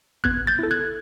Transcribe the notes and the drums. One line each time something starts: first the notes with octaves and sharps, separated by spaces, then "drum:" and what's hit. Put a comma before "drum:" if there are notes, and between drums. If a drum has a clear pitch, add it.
B3 F#6 G#6, drum: kick A1
G6 A6
E4 A4
F#6 G#6